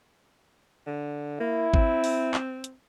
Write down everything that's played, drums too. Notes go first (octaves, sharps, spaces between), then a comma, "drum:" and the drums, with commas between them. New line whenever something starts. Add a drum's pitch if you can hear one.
D3
A#3 E4
C4, drum: kick G#1
drum: open hi-hat
drum: clap
drum: hi-hat